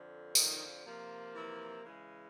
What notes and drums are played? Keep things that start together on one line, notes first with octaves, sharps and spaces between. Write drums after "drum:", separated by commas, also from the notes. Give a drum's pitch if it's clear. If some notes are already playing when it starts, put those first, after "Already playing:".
Already playing: F2 D3 F3
D#3 D#4, drum: tambourine
C3 F3 A#3
E3 E4
C#3 E3 G#3